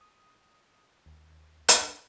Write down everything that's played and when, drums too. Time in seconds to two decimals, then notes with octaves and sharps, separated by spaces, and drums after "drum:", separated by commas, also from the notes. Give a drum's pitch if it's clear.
0.01 D#6
1.06 D#2
1.68 D4, drum: hi-hat